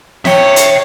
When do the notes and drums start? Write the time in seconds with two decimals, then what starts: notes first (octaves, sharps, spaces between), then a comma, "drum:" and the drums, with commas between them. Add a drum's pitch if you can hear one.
0.25 C#5 E5 G5, drum: snare
0.56 drum: hi-hat